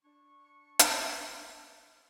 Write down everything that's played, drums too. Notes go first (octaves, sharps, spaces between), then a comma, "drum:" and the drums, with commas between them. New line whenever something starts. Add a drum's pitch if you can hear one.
D4 C#6
drum: hi-hat